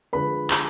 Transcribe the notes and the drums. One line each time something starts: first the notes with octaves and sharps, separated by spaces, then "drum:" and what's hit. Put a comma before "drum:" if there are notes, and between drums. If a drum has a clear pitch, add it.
D3 F3 G#3 B4 B5
drum: clap